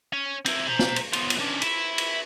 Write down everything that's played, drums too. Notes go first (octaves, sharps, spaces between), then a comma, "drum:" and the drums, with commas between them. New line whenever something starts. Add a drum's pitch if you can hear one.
C#4
C4 E4, drum: cymbal
C5 A#5
drum: snare
drum: cymbal
B3 F4, drum: cymbal
drum: cymbal
C#4 D4
E4 E5, drum: cymbal
drum: cymbal